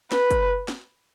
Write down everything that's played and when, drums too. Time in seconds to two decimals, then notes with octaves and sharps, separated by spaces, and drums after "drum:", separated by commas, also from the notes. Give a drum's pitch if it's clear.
0.12 B4, drum: snare
0.30 drum: kick, hi-hat
0.68 drum: snare